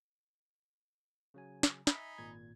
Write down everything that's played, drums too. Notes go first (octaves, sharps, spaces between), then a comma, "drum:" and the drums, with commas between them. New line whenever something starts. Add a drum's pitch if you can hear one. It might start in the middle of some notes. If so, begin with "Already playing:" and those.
C#3 F#3 G#5
drum: snare
D#4 E5 G#5 B5, drum: snare
G#1 A#2 G#6